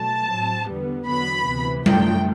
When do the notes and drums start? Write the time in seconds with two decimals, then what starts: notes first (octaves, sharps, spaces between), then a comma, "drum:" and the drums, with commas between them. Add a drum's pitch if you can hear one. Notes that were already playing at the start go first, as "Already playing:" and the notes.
Already playing: B2 F#3 A3 A5
0.31 A2 F#3 C4
0.69 E2 D3 G3 B3
1.08 E2 D3 F#3 B3 B5
1.47 D2 C3 E3 B3
1.86 F#2 D3 A3 G5, drum: tom G3